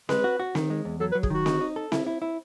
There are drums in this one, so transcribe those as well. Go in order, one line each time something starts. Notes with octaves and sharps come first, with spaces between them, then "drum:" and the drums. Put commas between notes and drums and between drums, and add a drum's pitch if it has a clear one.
G#3 B4, drum: snare C4
F#4
F#4
D#3, drum: snare C4
G#3
E2
F#3 A4
B4
F#3
G#4, drum: kick
D#3 F#4
D#4, drum: snare C4
D#4
A4
E4, drum: snare C4
E4
E4